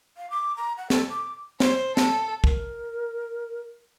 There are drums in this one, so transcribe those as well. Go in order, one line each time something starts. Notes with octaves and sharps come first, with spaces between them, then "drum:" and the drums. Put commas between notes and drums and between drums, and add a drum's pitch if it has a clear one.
F5
D6
A#5
F#5
A4, drum: snare
D6
C5, drum: snare
A4, drum: snare
A#4, drum: kick